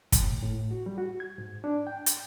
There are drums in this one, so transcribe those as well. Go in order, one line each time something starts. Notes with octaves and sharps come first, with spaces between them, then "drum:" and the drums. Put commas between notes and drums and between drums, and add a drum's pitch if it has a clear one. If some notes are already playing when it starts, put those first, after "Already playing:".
A2, drum: kick, hi-hat
A2
F#4
G3
F#4
G#6
G#2
D4
G5
drum: hi-hat